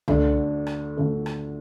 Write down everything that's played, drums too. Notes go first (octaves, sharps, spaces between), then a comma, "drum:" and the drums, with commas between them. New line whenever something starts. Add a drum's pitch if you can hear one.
D2 D3 A3 D4, drum: tom C#2
drum: rim click
D2 D3 A3 D4
drum: rim click